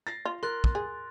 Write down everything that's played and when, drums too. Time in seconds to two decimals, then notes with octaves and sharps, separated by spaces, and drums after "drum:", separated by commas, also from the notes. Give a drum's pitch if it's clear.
0.07 A6 A#6 C7
0.25 F4
0.43 A#4 C6 F#6 A6
0.64 drum: kick
0.75 G#4